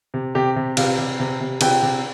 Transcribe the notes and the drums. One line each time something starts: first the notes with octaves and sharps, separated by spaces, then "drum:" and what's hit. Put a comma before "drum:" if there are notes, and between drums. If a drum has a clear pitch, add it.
C3
C3 G4
C3
C3 F5, drum: cymbal
C3
C3
C3
C3 G5, drum: cymbal
C3